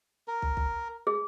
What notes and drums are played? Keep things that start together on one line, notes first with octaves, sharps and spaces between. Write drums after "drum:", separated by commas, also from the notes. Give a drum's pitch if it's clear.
A#4
drum: kick
drum: kick
G#4